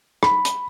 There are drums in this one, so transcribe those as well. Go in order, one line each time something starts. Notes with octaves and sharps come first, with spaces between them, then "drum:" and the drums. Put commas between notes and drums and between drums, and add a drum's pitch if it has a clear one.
B5, drum: rim click
drum: hi-hat